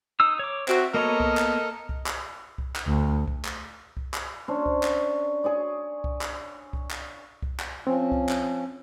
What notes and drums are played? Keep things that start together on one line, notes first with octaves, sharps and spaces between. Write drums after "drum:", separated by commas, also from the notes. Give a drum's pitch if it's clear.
D#4 D#6 E6
C#5 D6
C4 F#4 E5, drum: clap
A#3 B3 A4 A#4 C#5 D#5
drum: kick C2
drum: clap
drum: kick C2
drum: clap
drum: kick C2
drum: clap
D2
drum: kick C2
drum: clap
drum: kick C2
drum: clap
C#4 D4 C5
drum: kick C2
drum: clap
G#4 C#5 D5
drum: kick C2
drum: clap
drum: kick C2
drum: clap
drum: kick C2
drum: clap
F3 C4 C#4
drum: kick C2
drum: clap